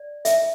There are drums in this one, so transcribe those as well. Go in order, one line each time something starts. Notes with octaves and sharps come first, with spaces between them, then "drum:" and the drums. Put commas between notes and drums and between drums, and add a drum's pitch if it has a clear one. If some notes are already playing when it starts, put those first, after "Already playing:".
Already playing: D5
E5, drum: hi-hat